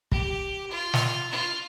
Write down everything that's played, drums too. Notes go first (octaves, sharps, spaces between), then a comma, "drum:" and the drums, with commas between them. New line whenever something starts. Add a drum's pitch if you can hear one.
G4, drum: kick
F4
drum: snare
F4